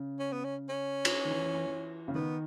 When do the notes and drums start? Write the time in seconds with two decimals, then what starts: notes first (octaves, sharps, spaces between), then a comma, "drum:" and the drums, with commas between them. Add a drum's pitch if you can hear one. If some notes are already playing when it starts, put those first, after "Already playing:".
Already playing: C#3
0.20 C#4
0.33 B3
0.45 C#4
0.69 C#4
1.05 drum: cymbal
1.25 D#3
1.30 E3
1.42 E3
1.54 E3
1.66 E3
2.08 C#3
2.15 D#3 B3